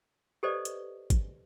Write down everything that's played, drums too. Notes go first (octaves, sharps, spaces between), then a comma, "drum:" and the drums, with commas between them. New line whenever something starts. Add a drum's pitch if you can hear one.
G4 A4 B4 C5 D5 D#5
drum: hi-hat
drum: kick G#1, hi-hat